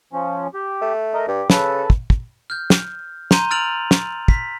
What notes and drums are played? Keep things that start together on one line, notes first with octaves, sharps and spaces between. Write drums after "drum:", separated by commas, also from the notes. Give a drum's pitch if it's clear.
F3 C#4
G4
A3
A#4 D#5
G2 G4
C#3 A4 B4, drum: snare
drum: kick
drum: kick
F6 G6
drum: snare
A#5 C6 G6 D#7, drum: snare
E6 F6 A6 D7 F7 F#7
drum: snare
B6, drum: kick